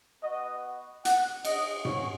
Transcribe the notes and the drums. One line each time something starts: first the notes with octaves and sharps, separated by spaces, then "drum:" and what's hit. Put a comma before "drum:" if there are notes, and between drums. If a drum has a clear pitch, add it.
B3 F#4 D#5
F#5, drum: hi-hat
D#5, drum: cymbal
G#3 C#4 F#4 C#5, drum: tom G#2